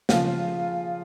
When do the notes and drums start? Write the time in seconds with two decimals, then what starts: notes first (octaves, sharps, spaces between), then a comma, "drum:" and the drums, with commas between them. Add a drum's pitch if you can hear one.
0.09 C#3 F3 F4, drum: snare